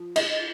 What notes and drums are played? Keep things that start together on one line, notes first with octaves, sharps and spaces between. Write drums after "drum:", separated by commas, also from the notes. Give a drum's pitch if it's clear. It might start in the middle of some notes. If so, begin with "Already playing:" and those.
Already playing: F3
D#5, drum: cymbal